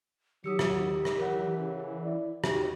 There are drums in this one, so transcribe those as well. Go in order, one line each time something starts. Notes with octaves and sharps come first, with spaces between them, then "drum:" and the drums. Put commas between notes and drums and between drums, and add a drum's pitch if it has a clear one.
D#3 F#3 G4 D#6 E6 C#7
drum: rim click
drum: rim click
D#3 E3 F#3 A#4 C#5 F#5
C#3 C#4
E4 D5
D#4 F#4 G4, drum: rim click